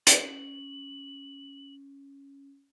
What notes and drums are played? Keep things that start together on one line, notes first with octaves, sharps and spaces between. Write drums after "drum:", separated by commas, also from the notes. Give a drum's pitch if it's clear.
C#4 F#7, drum: hi-hat